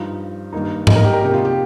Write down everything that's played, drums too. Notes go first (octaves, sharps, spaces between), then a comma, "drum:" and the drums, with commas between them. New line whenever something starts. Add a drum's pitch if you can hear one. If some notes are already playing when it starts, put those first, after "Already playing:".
Already playing: G2 F3 D#4
G2 D#3 A#3 D#4
D#5, drum: tom G#2
A#4
G4
A#4
C3 F3 A#3 D#4 G4
F4
G4